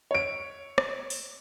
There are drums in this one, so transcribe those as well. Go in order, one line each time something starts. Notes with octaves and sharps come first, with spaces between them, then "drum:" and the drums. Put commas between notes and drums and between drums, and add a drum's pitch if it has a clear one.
C#5 D7
drum: rim click
drum: open hi-hat